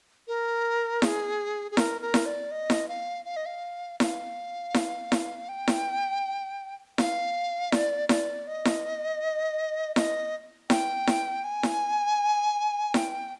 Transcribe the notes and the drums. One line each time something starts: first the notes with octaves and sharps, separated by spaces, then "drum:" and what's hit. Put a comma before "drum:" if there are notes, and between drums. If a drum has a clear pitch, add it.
A#4
G#4, drum: snare E4
G#4
A#4, drum: snare E4
A#4
drum: snare E4
D5
D#5
drum: snare E4
F5
F5
D#5
F5
F5, drum: snare E4
drum: snare E4
drum: snare E4
G5
drum: snare E4
F5, drum: snare E4
D5, drum: snare E4
D5, drum: snare E4
D#5
drum: snare E4
D#5, drum: snare E4
G5, drum: snare E4
drum: snare E4
G#5
drum: snare E4
G5, drum: snare E4